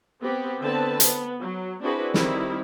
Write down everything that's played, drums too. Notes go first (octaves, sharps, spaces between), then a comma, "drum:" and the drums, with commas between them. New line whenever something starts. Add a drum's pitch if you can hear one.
B3 C4 G4
D3 B3 C4 B4 A5
B3, drum: hi-hat
F#3
C4 D4 E4 F#4 G#4 B4
D#3 G3 C4 E4, drum: snare